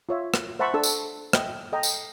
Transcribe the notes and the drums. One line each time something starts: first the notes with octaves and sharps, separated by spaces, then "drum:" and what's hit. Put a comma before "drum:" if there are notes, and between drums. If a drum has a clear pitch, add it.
F4 C#5 E5
drum: rim click
C5 E5 F#5 A5 B5 C#6
D4 A4 E6
drum: tambourine
D#5 E5 G5, drum: rim click
A4 D#5 G5 A#5
drum: tambourine